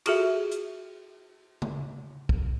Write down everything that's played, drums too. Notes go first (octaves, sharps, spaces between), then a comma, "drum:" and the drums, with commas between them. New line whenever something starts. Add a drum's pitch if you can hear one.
F4 F#4 G#4 A4 E5, drum: cymbal
drum: hi-hat
drum: tom C#3
drum: kick